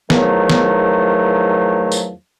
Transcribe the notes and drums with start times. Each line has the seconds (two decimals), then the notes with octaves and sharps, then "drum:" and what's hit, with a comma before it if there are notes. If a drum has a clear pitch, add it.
0.10 E2 D#3 F3 F#3 A3, drum: snare
0.49 drum: snare
1.92 drum: tambourine